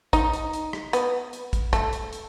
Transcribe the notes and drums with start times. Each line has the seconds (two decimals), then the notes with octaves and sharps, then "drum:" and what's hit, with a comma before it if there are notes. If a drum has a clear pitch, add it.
0.13 D#4, drum: kick, hi-hat
0.33 drum: hi-hat
0.53 drum: hi-hat
0.73 drum: rim click
0.93 B3, drum: hi-hat
1.33 drum: hi-hat
1.53 drum: kick, hi-hat
1.73 A3, drum: kick, hi-hat
1.93 drum: hi-hat
2.13 drum: hi-hat